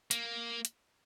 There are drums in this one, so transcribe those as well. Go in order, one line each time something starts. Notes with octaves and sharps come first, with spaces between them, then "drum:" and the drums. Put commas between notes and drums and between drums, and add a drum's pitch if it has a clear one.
A#3, drum: hi-hat
drum: hi-hat